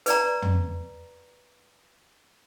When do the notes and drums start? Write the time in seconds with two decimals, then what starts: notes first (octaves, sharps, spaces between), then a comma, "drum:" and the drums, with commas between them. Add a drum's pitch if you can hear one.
0.06 B4 D5 A#5, drum: hi-hat
0.42 drum: tom